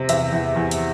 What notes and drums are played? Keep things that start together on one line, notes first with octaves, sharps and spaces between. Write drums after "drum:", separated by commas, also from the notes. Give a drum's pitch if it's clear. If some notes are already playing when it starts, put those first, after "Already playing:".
Already playing: C3
E2 E5, drum: hi-hat
E2
E2
drum: hi-hat